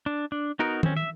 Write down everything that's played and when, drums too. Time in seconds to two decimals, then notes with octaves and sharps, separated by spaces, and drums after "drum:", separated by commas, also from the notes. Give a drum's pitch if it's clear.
0.06 D4
0.32 D4
0.59 B3 D#4 F#4 A#4
0.83 C4 C#4, drum: tom D#3
0.97 E5